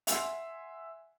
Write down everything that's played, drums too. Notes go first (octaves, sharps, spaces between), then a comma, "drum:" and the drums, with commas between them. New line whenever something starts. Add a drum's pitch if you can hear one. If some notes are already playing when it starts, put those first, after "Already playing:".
E5 F#5 G#5 C6, drum: hi-hat